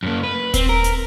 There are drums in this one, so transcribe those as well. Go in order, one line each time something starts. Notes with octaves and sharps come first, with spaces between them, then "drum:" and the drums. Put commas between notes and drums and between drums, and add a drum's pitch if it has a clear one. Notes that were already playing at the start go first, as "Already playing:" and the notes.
F#2 A#3
B4
C4, drum: kick D#1, hi-hat
A#4
drum: hi-hat